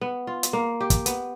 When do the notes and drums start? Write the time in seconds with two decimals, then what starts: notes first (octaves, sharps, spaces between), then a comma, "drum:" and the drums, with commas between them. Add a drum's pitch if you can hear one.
0.01 B3
0.27 F4
0.43 drum: hi-hat
0.53 A#3
0.81 G4
0.90 drum: kick, hi-hat
1.06 B3, drum: hi-hat